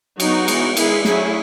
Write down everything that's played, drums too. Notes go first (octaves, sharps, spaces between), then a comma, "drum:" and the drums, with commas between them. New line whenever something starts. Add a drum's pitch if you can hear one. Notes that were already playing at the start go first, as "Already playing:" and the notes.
F#3 B3 D#4 F#4, drum: cymbal
E3 G#3 B3, drum: cymbal
D#3 G#3 B3 E4 G#4, drum: cymbal
F#3 A3 C#4 E4 G#4, drum: snare